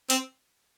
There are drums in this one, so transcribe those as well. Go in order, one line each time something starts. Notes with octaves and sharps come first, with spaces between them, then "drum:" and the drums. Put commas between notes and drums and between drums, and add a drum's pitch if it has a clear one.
C4, drum: hi-hat